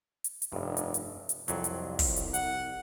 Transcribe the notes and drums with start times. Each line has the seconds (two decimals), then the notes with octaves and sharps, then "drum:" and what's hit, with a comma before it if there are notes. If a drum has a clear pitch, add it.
0.24 drum: hi-hat
0.42 drum: hi-hat
0.52 F1 G2
0.77 drum: hi-hat
0.94 drum: hi-hat
1.29 drum: hi-hat
1.48 C2 F2 F#3, drum: hi-hat
1.64 drum: hi-hat
1.99 drum: kick, open hi-hat
2.16 drum: hi-hat
2.34 F#5, drum: hi-hat